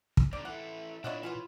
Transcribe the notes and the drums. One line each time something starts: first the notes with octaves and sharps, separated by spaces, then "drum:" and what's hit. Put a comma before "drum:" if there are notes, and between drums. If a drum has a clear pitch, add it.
drum: kick
G#2 D3 D5 D6
E3 A4 E5 F#5
A#2 D4 E4 C#5 D#5 F#5
E3 C#4 F4 F#4 B4